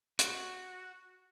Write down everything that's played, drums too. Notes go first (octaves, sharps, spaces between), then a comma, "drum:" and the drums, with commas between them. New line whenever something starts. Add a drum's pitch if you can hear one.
F#4, drum: hi-hat